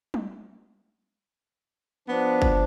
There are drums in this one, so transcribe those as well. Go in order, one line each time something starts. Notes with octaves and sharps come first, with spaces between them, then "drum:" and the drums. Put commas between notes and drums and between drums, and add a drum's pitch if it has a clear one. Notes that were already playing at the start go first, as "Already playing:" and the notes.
drum: tom
F3 B3 D4
drum: kick F#1